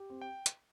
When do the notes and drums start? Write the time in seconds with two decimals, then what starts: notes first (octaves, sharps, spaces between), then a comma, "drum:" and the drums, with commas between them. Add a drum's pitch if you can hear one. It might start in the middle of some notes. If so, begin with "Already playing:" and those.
Already playing: G4
0.10 C4
0.22 G5
0.46 drum: hi-hat